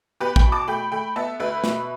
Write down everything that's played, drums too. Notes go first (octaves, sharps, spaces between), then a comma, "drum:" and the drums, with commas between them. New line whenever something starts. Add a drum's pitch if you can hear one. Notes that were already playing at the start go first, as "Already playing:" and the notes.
B3 G4 B4
G5 B5, drum: kick
B2
A5 D6
A3 G5 B5
A3 G5 B5
B3 E5 A5
D2 B4 E5
B2, drum: snare